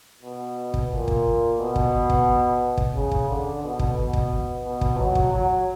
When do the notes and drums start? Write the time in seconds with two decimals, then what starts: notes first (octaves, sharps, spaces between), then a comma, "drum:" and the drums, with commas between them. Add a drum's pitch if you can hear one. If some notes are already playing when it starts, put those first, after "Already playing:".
0.23 B2
0.74 drum: kick
0.91 A#2
1.08 drum: kick
1.59 B2
1.76 drum: kick
2.10 drum: kick
2.77 drum: kick
2.94 C#3
3.11 drum: kick
3.28 D3
3.63 B2
3.79 drum: kick
3.96 B2
4.13 drum: kick
4.65 B2
4.81 drum: kick
4.98 F#3
5.15 drum: kick
5.33 F#3